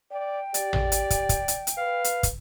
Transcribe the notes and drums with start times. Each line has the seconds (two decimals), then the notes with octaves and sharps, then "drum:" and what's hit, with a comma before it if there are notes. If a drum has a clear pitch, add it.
0.11 D5 G5
0.54 G4 D5, drum: hi-hat
0.73 drum: tom A1
0.92 drum: hi-hat
1.10 drum: kick, hi-hat
1.29 drum: kick, hi-hat
1.48 drum: hi-hat
1.67 drum: hi-hat
1.78 B4 F5
2.04 drum: hi-hat
2.23 drum: kick, hi-hat